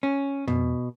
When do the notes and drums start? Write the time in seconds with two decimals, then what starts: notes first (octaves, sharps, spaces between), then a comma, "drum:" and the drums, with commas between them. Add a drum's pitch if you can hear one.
0.03 C#4
0.48 B2, drum: tom